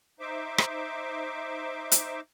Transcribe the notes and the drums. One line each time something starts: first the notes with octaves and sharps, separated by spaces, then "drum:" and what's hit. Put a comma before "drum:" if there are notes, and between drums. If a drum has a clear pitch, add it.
D#4 C5 E5 D6
drum: rim click
drum: hi-hat